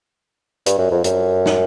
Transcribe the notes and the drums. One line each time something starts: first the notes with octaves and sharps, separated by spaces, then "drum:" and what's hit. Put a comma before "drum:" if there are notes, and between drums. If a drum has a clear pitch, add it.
G2, drum: hi-hat
F#2
F2
F#2, drum: hi-hat
drum: snare